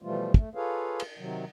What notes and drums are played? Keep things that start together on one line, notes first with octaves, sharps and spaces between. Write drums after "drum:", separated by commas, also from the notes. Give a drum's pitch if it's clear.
B2 E3 F3 G3 A3 F4
A3, drum: kick
F4 G#4 A4 B4 C#5 F5
drum: cymbal
C3 D#3 F#3